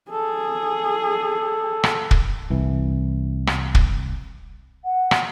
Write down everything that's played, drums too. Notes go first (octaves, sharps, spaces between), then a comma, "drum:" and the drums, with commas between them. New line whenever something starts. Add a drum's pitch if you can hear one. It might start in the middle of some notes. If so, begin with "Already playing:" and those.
G#4 A4
drum: rim click
drum: kick
C2 E3
drum: rim click
drum: kick
F#5
drum: rim click